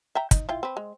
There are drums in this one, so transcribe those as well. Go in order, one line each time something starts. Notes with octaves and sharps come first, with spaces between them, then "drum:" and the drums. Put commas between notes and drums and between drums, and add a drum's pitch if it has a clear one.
E5 G5 A#5
D#4, drum: kick, hi-hat
E4 F4 G5
C4 B4
G#3